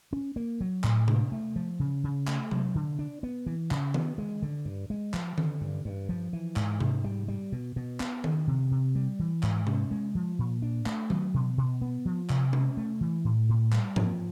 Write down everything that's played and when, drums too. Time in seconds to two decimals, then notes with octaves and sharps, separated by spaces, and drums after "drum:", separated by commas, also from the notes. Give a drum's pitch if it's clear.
0.13 C#4
0.36 A#3
0.61 F#3
0.84 A2, drum: clap
1.08 D4, drum: tom C3
1.32 A3
1.56 F3
1.79 C#3
2.04 C#3
2.27 A3, drum: clap
2.51 F#3, drum: tom C3
2.75 D3
2.99 D4
3.23 B3
3.46 E3
3.71 C#3, drum: clap
3.94 B3, drum: tom D#3
4.18 G#3
4.42 D3
4.65 G2
4.90 G#3
5.14 F3, drum: clap
5.38 D3, drum: tom D#3
5.61 G2
5.85 G2
6.09 F3
6.33 E3
6.56 G#2, drum: clap
6.80 G#2, drum: tom C3
7.04 G3
7.28 G3
7.52 B2
7.76 B2
8.00 B3, drum: clap
8.24 D#3, drum: tom D#3
8.48 C3
8.71 C3
8.95 G3
9.19 E3
9.43 G#2, drum: clap
9.67 C#4, drum: tom C3
9.91 G#3
10.15 F3
10.39 A#2
10.62 D4
10.86 A3, drum: clap
11.10 F#3, drum: tom D#3
11.34 B2
11.58 B2
11.81 B3
12.05 F3
12.30 C3, drum: clap
12.53 C#4, drum: tom C3
12.77 A3
13.01 E3
13.25 A2
13.49 A2
13.72 G3, drum: clap
13.96 F3, drum: tom G#2